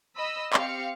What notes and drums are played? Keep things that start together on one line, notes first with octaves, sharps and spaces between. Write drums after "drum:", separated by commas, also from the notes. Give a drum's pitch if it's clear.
D#5 B5 E6
C4 G4 F5 C#7, drum: clap